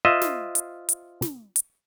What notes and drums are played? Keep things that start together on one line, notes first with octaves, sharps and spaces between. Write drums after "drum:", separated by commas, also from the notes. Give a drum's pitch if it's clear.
F4 C5 D#5 E5
drum: snare
drum: hi-hat
drum: hi-hat
drum: snare
drum: hi-hat